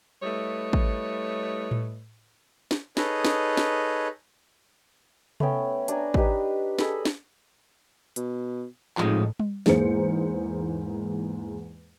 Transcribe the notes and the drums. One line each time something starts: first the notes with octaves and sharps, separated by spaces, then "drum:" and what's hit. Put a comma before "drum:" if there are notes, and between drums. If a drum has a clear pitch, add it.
G3 A3 E4 B4 C#5 D#5
drum: kick
drum: tom A2
drum: snare
D#4 G#4 A4 B4 C#5 D#5, drum: snare
drum: snare
drum: snare
A3 B3 C#4 G5, drum: tom C3
D4 D5 G#5 A#5, drum: hi-hat
D4 D#4 G4 B4, drum: kick
G#4 A4 D#5 B5, drum: snare
drum: snare
B2, drum: hi-hat
F1 A2 F3 G#3 D#4, drum: clap
drum: tom G3
E2 G#2 G#3 A#3 C5 C#7, drum: snare